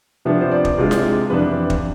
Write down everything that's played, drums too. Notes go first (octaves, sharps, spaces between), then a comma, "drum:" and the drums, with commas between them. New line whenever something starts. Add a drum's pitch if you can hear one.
C3 F3 B3 D4 F4 E5
C5
D5
drum: kick
C3 G#3 D4 F4
drum: snare E4
F2 C3 E3 B3 D4 B4
drum: kick